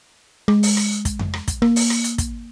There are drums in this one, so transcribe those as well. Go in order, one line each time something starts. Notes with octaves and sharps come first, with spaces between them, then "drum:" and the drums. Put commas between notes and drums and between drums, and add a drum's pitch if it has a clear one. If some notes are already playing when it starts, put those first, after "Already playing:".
G#3, drum: rim click
drum: open hi-hat
drum: rim click
drum: kick, hi-hat
drum: tom F2
drum: rim click
drum: kick, hi-hat
A#3, drum: rim click
drum: open hi-hat
drum: rim click
drum: hi-hat
drum: kick, hi-hat